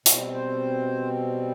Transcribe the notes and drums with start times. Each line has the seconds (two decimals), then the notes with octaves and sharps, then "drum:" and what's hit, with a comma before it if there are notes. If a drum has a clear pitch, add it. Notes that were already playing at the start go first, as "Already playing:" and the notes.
0.06 B2 G3 C4, drum: hi-hat
0.33 C5